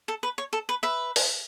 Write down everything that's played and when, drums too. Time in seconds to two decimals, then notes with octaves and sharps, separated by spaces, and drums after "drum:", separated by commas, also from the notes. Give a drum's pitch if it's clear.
0.08 A4
0.23 B4
0.38 C#5
0.53 A4
0.69 B4
0.83 B4 E5
1.16 drum: open hi-hat